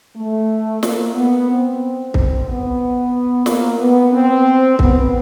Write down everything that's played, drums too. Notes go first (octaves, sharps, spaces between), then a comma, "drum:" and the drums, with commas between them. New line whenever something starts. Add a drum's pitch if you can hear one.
A3
A#3, drum: snare
B3
C4
drum: kick C2
B3
A#3, drum: snare
B3
C4
B3, drum: kick C2